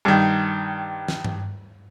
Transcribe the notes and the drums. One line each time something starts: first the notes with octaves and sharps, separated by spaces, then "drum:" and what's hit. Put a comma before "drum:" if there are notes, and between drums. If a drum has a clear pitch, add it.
G2 D#3
drum: snare
drum: tom G2